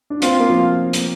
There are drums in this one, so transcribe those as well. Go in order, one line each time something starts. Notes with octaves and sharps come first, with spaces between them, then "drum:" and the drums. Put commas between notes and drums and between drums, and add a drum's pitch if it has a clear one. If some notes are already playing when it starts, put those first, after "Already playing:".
D4
C4 F4, drum: hi-hat
A#3
F3
drum: hi-hat